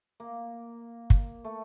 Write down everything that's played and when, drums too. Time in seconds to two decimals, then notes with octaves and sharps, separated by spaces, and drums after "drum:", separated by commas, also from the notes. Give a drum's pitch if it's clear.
0.20 A#3
1.10 drum: kick
1.44 A3